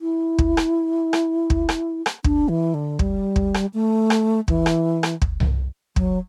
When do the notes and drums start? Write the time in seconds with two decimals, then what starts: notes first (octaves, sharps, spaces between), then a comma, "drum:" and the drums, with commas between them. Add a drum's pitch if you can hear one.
0.01 E4
0.39 drum: kick
0.57 drum: rim click
1.13 drum: rim click
1.50 drum: kick
1.69 drum: rim click
2.06 drum: rim click
2.24 D4, drum: kick
2.49 E3
2.74 D3
2.99 G3, drum: kick
3.36 drum: kick
3.54 drum: rim click
3.73 A3
4.10 drum: rim click
4.48 E3, drum: kick
4.66 drum: rim click
5.03 drum: rim click
5.22 drum: kick
5.40 drum: tom C2
5.96 F#3, drum: kick